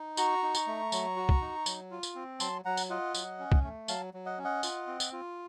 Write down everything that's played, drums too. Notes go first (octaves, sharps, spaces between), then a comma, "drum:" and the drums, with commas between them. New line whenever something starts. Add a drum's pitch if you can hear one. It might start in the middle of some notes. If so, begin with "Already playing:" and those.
Already playing: D#4
F#4 A#5 C#6, drum: tambourine
D#4
drum: tambourine
A3
F#3, drum: tambourine
F#4
drum: kick
D#4
F#3, drum: tambourine
F4
drum: tambourine
C4
F#3 A5 C6, drum: tambourine
F#3 F#5 A#5
drum: tambourine
F4 D#5 F#5
F#3, drum: tambourine
C#4
drum: kick
A3
F#3 F5 A5, drum: tambourine
F#3
D#5 F#5
C#4
D#5 F#5
F4, drum: tambourine
C4
drum: tambourine
F4